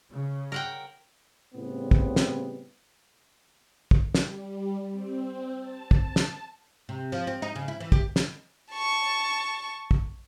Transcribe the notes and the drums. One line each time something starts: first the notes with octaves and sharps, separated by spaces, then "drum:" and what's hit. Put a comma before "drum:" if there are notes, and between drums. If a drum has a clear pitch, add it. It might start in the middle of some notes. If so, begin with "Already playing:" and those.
C#3
A#4 F#5 G5
A2 C#3 G3 B3 C4
drum: kick
drum: snare
drum: kick
G3, drum: snare
C4
A5
drum: kick
drum: snare
C3
F3
C4
D#4
C#3
E4
E3
G4, drum: kick
drum: snare
A5 C#6
drum: kick